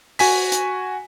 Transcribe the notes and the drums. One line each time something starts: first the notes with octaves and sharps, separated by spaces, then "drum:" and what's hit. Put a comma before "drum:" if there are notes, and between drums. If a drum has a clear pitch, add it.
F#4 G#5 B6, drum: open hi-hat
drum: hi-hat